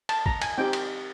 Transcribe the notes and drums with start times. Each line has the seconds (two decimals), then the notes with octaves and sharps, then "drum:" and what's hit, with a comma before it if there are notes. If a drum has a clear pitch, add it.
0.09 A5, drum: cymbal
0.26 A#5, drum: kick
0.42 G#5, drum: cymbal
0.58 C4 D#4 G4 G5
0.73 drum: cymbal